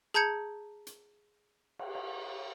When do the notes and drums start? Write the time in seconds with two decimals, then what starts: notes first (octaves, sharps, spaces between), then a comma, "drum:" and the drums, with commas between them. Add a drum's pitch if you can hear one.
0.14 G#4 A5 A#5 G6 G#6 C#7
0.87 drum: hi-hat
1.79 drum: cymbal
1.95 drum: cymbal